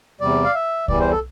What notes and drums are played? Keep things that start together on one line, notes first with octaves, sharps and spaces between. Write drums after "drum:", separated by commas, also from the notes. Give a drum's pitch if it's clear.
E2 C3 G3 D5
F5
E5
E2 E3 G3 D5, drum: kick C2
C5
A4